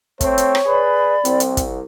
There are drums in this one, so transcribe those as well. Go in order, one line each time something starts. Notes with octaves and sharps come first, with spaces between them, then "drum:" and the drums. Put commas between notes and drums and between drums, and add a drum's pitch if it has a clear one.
A3 C4 C#5, drum: kick, hi-hat
drum: hi-hat
drum: rim click
G#4 B4 D5 B5
C2 C4, drum: hi-hat
drum: hi-hat
drum: kick, hi-hat